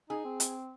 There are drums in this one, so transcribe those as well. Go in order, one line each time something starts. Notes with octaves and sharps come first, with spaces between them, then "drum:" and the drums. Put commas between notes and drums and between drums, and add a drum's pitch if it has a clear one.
D#4 G#4
C4
drum: hi-hat